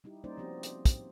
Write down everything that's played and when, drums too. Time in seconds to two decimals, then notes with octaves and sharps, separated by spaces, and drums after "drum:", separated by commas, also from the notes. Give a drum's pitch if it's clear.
0.04 G3 D#4 E4 G4
0.24 G3 A#3 C#4 D#4 C5 D5
0.38 F3 B3 C4 F#4 G4
0.63 C5, drum: hi-hat
0.85 C4, drum: kick, hi-hat